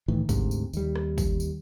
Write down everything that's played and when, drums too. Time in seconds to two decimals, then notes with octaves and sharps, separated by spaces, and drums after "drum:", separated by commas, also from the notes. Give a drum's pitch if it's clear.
0.08 C2 A2 D#3 E3
0.29 D2 G#2 C3, drum: kick, tambourine
0.51 drum: tambourine
0.73 D#2 G3, drum: tambourine
0.96 drum: rim click
1.18 drum: kick, tambourine
1.40 drum: tambourine